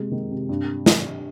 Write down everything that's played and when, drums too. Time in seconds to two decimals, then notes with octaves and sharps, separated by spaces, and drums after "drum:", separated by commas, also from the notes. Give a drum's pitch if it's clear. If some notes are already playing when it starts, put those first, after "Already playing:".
Already playing: C3 G#3
0.11 D#3
0.31 C3
0.49 G2
0.86 drum: snare